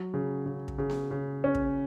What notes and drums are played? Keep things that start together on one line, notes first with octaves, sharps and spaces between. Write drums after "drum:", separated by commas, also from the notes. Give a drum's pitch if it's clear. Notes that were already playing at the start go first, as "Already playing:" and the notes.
Already playing: F#3
C#3
C#3
drum: kick
C#3
drum: snare B3
C#3
C#4
drum: kick